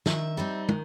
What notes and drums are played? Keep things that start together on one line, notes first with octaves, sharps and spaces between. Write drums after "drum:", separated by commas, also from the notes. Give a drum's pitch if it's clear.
D#3 E5, drum: snare
G3 C4 D#4
D#3, drum: tom